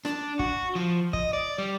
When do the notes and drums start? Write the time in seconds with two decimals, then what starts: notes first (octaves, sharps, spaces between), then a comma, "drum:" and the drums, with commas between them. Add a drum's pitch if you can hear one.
0.05 D4, drum: rim click
0.39 F#4, drum: kick
0.75 F3
1.13 D#5, drum: kick
1.33 D5
1.58 G3